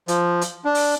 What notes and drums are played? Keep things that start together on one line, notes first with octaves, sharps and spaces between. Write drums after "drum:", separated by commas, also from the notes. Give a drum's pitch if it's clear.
F3, drum: hi-hat
drum: hi-hat
D4
drum: open hi-hat